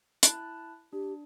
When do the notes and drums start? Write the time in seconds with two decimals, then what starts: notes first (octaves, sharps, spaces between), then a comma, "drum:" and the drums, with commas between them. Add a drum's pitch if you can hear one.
0.23 E4 A5 F#6, drum: hi-hat
0.93 D4 G4